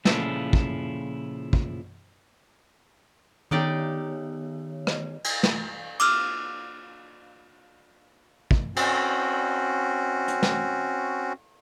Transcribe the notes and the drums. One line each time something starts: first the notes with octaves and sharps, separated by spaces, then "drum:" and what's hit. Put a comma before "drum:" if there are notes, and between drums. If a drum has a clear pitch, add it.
A#2 C#3 F3 E4 F4 A4, drum: snare
drum: kick
drum: kick
D#3 B3 D#4 G4 C#5 D5
drum: rim click
drum: cymbal
drum: snare
D6 E6 F6, drum: cymbal
drum: kick
C4 C#4 F#4, drum: cymbal
drum: hi-hat
drum: snare